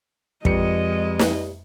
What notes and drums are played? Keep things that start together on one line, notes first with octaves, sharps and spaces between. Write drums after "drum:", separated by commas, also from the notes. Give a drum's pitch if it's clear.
F2 G#3 G4 B4 D5 D#5 C#7, drum: kick
drum: snare